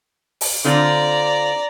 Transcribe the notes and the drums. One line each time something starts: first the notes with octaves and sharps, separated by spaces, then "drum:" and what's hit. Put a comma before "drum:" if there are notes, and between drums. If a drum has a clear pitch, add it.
drum: open hi-hat
D3 C4 F4 D5 A#5